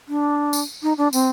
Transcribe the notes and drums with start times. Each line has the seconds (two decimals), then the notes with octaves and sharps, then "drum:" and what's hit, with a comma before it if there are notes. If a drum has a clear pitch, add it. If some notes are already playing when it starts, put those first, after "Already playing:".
0.08 D4
0.53 drum: tambourine
0.83 D#4
0.97 D4
1.13 C4, drum: tambourine